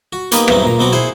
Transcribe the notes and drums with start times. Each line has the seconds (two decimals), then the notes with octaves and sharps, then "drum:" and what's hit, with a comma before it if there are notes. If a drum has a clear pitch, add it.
0.13 F#4
0.32 A#3 B3 D#4 G4 B4, drum: hi-hat
0.48 E2 G2 E3 F#3 C4 D#4, drum: rim click
0.65 A#2 A#5
0.79 B2 F#3 B3 C4 F#4 D6
0.92 E4 G#4 C5 F#5